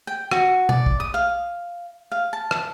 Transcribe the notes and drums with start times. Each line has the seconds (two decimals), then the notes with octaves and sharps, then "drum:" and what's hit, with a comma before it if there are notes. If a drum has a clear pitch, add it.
0.07 G5
0.31 F#4, drum: rim click
0.69 D5, drum: tom B2
0.86 drum: kick
1.00 D#6
1.14 F5
2.12 F5
2.33 A5
2.51 drum: rim click